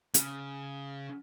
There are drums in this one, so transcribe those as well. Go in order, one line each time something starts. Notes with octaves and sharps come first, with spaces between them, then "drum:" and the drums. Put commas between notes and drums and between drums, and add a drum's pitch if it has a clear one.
C#3, drum: hi-hat